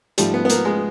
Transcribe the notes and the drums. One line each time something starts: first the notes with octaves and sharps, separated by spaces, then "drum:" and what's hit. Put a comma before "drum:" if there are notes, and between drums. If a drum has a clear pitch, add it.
G#2 F3 G3 A3, drum: hi-hat
B3
B3
A#3, drum: hi-hat
G#3